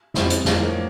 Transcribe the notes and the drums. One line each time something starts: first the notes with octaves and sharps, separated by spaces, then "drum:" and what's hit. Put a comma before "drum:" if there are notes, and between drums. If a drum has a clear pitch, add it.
F2 C3 E3 G3 B3 E4, drum: snare
drum: hi-hat
F2 A2 F#3 A#3 D4, drum: snare